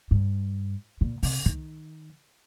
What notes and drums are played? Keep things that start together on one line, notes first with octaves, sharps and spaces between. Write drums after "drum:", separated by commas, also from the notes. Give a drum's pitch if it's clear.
G2
A#2
C3, drum: open hi-hat
D#3, drum: kick